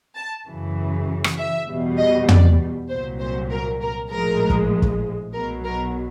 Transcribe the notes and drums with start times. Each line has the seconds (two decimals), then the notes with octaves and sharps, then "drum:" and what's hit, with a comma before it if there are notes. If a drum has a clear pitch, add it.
0.15 A5
0.46 F#2 C#3 E3
1.24 drum: rim click
1.37 E5
1.67 E2 B2 G3
1.98 D#5
2.28 D5, drum: tom
2.89 C2 A#2 F#3 C5
3.20 C5
3.51 A#4
3.81 A#4
4.11 A#1 A2 F3 G#3 A#4
4.50 drum: kick
4.82 drum: kick
5.34 B1 B2 F#3 A#4
5.65 A#4